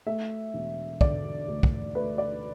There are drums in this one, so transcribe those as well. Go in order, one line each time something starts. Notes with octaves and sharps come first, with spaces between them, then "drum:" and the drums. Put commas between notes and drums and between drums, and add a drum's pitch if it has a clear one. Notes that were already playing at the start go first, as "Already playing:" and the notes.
A3 E5
E1
D3 D5, drum: kick
D2
drum: kick
A3 B4
D5